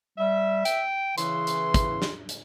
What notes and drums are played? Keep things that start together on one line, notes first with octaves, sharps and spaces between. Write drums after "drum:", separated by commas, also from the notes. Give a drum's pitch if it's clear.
G3 E5
G5, drum: hi-hat
C#3 E3 C6, drum: hi-hat
drum: hi-hat
drum: kick, hi-hat
drum: snare
drum: hi-hat